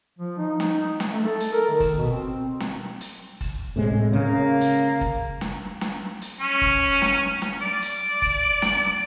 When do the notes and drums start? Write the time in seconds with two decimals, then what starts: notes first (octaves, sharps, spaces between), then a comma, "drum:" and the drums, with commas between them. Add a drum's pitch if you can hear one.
0.19 F3
0.38 D#4
0.60 drum: snare
1.00 drum: snare
1.12 A3
1.25 A4
1.40 drum: hi-hat
1.53 A#4
1.70 D#3
1.80 drum: kick, open hi-hat
1.97 B2
2.12 C4
2.60 drum: snare
3.01 drum: hi-hat
3.41 drum: kick, open hi-hat
3.76 A2 C3 G#3
4.13 C#3 A#3
4.61 drum: hi-hat
5.01 drum: kick
5.41 drum: snare
5.81 drum: snare
6.21 drum: hi-hat
6.40 C#4
6.62 drum: kick, open hi-hat
7.02 drum: snare
7.42 drum: snare
7.62 D5
7.82 drum: hi-hat
8.22 drum: kick, open hi-hat
8.62 drum: snare